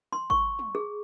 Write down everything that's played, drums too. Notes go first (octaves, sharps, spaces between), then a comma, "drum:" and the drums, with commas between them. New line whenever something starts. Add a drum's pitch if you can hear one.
C6
C#6, drum: kick G#1
drum: tom
G#4